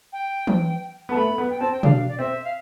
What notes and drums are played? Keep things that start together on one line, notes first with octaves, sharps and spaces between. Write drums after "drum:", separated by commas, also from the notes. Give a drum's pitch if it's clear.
G5
drum: tom E3
B3 A5
A3 B5
B3
G5
C4 A5
G5
D4 F5, drum: tom B2
D5
C4 E5
F5